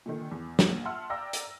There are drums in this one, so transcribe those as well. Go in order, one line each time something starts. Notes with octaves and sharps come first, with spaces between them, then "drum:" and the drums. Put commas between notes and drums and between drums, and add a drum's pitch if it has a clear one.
A#2 D3 D#3
E2
drum: snare
A#1
E5 F#5 A5 C6 E6 F6
D5 F5 G5 A#5 E6 A#6
drum: hi-hat